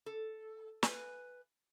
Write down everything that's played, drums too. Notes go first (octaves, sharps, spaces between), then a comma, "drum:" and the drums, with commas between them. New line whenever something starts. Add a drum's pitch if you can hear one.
A4
B4 G#5, drum: snare